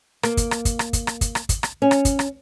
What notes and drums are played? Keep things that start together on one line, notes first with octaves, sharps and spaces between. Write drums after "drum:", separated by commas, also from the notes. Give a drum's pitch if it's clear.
A#3, drum: rim click
drum: kick, hi-hat
drum: rim click
drum: kick, hi-hat
drum: rim click
drum: kick, hi-hat
drum: rim click
drum: kick, hi-hat
drum: rim click
drum: kick, hi-hat
drum: rim click
C#4
drum: rim click
drum: kick, hi-hat
drum: rim click